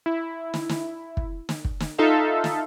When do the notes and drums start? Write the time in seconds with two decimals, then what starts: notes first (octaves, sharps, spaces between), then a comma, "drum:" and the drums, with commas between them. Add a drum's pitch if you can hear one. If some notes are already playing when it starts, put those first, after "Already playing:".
0.06 E4
0.54 drum: snare
0.69 drum: snare
1.17 drum: kick
1.49 drum: snare
1.65 drum: kick
1.80 drum: snare
1.98 D#4 F4 A4 E5 F5
2.44 drum: snare